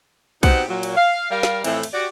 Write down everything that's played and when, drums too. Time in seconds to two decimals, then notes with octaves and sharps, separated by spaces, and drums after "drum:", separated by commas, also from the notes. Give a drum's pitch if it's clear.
0.43 B2 C4 D#4 G4 C5 F#5, drum: kick B1, cymbal
0.68 A#2 F#3
0.83 drum: cymbal
0.96 F5
1.31 G3 A#4 F5
1.43 drum: snare
1.64 F2 A2 E3 A3 C4, drum: cymbal
1.83 drum: cymbal
1.94 F#4 G4 D5